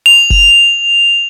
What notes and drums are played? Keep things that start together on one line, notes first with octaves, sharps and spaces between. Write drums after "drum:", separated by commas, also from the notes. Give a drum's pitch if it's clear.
F7
drum: kick F#1